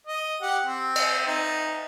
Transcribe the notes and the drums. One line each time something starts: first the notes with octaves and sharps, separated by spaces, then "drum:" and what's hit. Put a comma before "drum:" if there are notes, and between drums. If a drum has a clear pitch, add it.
D#5
G4 F#5
C4
drum: cymbal
D#4